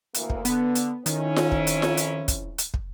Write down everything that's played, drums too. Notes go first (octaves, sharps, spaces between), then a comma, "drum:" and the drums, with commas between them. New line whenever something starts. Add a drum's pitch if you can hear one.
D2 E3 A#3, drum: hi-hat
drum: kick
D3 B3, drum: hi-hat
drum: hi-hat
F2 D#3 C#4 E4, drum: hi-hat
drum: snare F4
drum: kick
drum: hi-hat
drum: snare F4
drum: hi-hat
drum: kick, hi-hat
drum: hi-hat
drum: kick